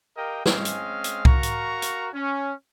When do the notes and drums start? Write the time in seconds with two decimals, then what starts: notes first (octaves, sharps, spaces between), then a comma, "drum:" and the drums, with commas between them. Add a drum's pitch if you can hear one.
0.16 G4 A#4 D#5 F5 G5
0.46 G#3 C4 C#4 D#5 F5, drum: snare
0.65 drum: hi-hat
1.04 drum: hi-hat
1.25 F#4 A#4 F5 A#5 C#6, drum: kick C2
1.43 drum: hi-hat
1.82 drum: hi-hat
2.13 C#4